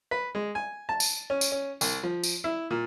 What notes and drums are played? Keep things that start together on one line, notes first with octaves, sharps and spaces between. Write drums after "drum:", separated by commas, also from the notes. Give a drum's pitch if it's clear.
B4
G#3
G#5
A5
drum: tambourine
C#4
drum: tambourine
C#4
C2, drum: tambourine
F3
drum: tambourine
E4
A#2